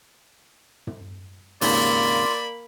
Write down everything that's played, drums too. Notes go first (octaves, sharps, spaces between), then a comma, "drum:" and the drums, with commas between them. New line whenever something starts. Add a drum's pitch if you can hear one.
drum: tom
G#1 D#2 C#3 A#3 F4 D5 B5, drum: open hi-hat